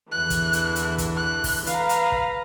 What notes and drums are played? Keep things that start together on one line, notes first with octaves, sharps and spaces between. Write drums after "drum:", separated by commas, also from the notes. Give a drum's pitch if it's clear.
E2 D3 E3 F#6
drum: kick, hi-hat
drum: hi-hat
drum: hi-hat
drum: kick, hi-hat
F#6
drum: kick, open hi-hat
B4 F5 A#5, drum: hi-hat
drum: hi-hat
drum: kick